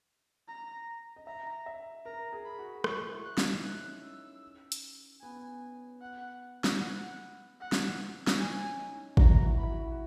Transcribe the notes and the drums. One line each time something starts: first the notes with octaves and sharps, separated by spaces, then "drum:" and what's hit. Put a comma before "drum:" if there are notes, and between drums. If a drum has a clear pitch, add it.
A#5
D#5
E5 A#5
E5
A#4 A#5
G#4
B5
F#4
G#4 C#6, drum: rim click
F#4
E4
E4 F#6
D#4, drum: snare
C#4 F#6
E6
drum: hi-hat
B3 G#5
F#5
drum: snare
F#5
F#5
drum: snare
drum: snare
C#4 G#5
D#4
E4 A#5, drum: kick G#1
F#4
E4
B5
E4
F#4
F#4